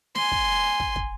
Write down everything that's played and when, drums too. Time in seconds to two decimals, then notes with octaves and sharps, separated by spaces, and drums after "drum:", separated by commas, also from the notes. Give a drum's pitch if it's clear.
0.15 G#5 C6, drum: snare
0.31 drum: kick
0.80 drum: kick
0.96 drum: kick